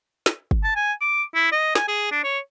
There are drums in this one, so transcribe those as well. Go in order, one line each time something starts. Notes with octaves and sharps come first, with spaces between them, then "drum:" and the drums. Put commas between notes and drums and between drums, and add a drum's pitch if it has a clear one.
drum: snare
drum: kick
A5
G#5
D6
E4
D#5
G#5, drum: snare
G#4
D4
C#5